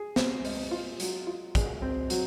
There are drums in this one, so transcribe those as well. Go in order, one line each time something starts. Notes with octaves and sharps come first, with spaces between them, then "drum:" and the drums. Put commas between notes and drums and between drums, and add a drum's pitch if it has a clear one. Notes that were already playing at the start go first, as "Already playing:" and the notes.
Already playing: G#4
C4, drum: snare
G#3, drum: open hi-hat
F4
F#3, drum: hi-hat
F4
G#4, drum: kick, hi-hat
C4
F#3, drum: hi-hat